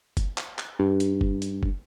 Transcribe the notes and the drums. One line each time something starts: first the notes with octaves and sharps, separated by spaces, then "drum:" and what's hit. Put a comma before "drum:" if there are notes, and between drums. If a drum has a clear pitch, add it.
drum: kick F#1, hi-hat
drum: clap
drum: clap
G2
drum: hi-hat
drum: kick F#1
drum: hi-hat
drum: kick F#1